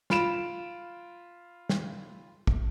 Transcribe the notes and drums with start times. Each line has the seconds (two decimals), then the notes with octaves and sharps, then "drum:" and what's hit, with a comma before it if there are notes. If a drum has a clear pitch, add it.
0.10 F4 B5 D7 E7, drum: snare
1.69 drum: snare
2.47 drum: kick